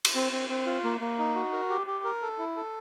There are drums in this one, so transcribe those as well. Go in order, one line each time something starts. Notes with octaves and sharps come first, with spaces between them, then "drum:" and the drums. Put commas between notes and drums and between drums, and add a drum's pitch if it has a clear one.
drum: cymbal
C4
C4
C4
F4
A#3
A#3
D#4
F#4
A#4
G4
G4
A#4
A4
E4
A4